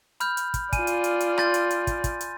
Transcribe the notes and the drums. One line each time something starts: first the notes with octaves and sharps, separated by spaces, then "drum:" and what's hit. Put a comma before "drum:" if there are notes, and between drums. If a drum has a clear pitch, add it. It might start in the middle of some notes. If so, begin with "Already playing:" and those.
B5 F6 G6, drum: hi-hat
drum: hi-hat
drum: kick, hi-hat
F4 D5 G#5 D#7, drum: kick, hi-hat
drum: hi-hat
drum: hi-hat
drum: hi-hat
C6 G6 A6, drum: rim click
drum: hi-hat
drum: hi-hat
drum: kick, hi-hat
drum: kick, hi-hat
drum: hi-hat